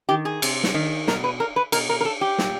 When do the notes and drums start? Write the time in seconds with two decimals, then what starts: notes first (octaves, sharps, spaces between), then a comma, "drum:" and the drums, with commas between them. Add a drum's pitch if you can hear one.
0.09 D#3 G4
0.25 G#4
0.42 C3, drum: cymbal
0.64 drum: snare
0.74 D#3
1.07 B2 A#4, drum: snare
1.24 B4
1.40 A#4
1.56 B4
1.72 B2 A#4, drum: cymbal
1.89 A#4
2.01 A#4
2.05 A4
2.21 G4
2.38 A#2, drum: snare